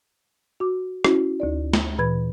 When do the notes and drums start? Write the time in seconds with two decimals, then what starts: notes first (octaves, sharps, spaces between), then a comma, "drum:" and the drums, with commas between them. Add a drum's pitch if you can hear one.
0.60 F#4 D6
1.04 C#4 E4 F#4, drum: rim click
1.40 D2 D#4 D5
1.73 drum: snare
1.98 A#2 E3 B4 B5 G#6